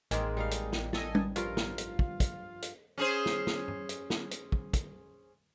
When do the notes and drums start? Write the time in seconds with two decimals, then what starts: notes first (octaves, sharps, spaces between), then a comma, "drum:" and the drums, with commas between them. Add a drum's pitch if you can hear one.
0.11 A1 D#3 G#3 A#3 C4, drum: hi-hat
0.37 G3 D#4 F5
0.51 drum: hi-hat
0.72 drum: snare
0.93 A4 D#5 G#5, drum: snare
1.15 drum: tom G3
1.36 G2 F3 F4 A#4, drum: hi-hat
1.57 drum: snare
1.78 drum: hi-hat
1.99 drum: kick
2.20 drum: kick, hi-hat
2.62 drum: hi-hat
2.98 C#4 G#4 C5
3.26 drum: snare
3.47 drum: snare
3.68 drum: tom G2
3.89 drum: hi-hat
4.10 drum: snare
4.31 drum: hi-hat
4.52 drum: kick
4.73 drum: kick, hi-hat